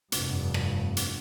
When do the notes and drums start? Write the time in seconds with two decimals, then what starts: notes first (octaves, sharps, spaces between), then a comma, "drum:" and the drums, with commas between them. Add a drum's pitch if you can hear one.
0.12 F1 G2, drum: hi-hat
0.54 drum: rim click
0.97 drum: hi-hat